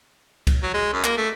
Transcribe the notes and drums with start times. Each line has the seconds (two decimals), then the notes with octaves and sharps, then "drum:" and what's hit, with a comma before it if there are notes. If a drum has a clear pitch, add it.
0.47 drum: kick C2, cymbal
0.63 F#3
0.74 G#3
0.93 F#2
1.04 A#3, drum: clap
1.17 A3